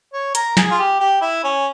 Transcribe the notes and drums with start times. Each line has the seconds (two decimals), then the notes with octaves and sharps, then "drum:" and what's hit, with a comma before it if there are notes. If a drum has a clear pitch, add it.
0.13 C#5
0.35 A#4, drum: hi-hat
0.57 G#4, drum: snare
0.71 F4
0.78 G4
1.00 G4
1.22 E4
1.44 C#4